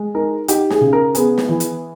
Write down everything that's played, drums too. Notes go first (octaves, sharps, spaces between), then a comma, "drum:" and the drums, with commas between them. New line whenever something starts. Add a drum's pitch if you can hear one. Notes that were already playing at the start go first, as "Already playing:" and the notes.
Already playing: G#3
D#4 A#4
D#4 G4, drum: hi-hat
G#4, drum: snare
C#3
A#4
B3 G#4, drum: hi-hat
drum: snare
E3
drum: hi-hat